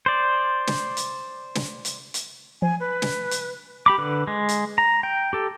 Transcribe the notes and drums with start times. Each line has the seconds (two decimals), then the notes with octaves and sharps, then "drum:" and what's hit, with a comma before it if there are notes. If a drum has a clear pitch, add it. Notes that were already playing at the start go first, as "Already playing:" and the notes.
0.06 C5 D5
0.67 drum: snare
0.97 drum: hi-hat
1.55 drum: snare
1.85 drum: hi-hat
2.14 drum: hi-hat
2.62 F3 G#5
2.80 B4
3.02 drum: snare
3.31 drum: hi-hat
3.86 G4 B5 D6
3.98 D3 B4
4.27 G#3
4.49 drum: hi-hat
4.78 A#5
5.03 G5
5.33 G4 A4